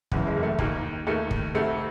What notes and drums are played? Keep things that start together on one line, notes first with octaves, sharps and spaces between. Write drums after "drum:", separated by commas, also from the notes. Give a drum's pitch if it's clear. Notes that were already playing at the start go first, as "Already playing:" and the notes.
F#1 E2 C#3 E3, drum: kick
G#3
A#3
A3
D#2 D#3 A#3, drum: kick
D#2 D#3 A3
drum: kick
D2 C3 D#3 A3